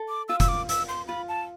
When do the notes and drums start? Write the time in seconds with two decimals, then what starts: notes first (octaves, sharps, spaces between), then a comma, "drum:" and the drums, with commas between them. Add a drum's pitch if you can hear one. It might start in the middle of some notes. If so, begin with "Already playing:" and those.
Already playing: A4
0.09 D6
0.28 F4 E6
0.40 E6, drum: kick F1, hi-hat
0.48 D6
0.69 E6, drum: hi-hat
0.89 C6
1.08 F4 B5
1.28 A5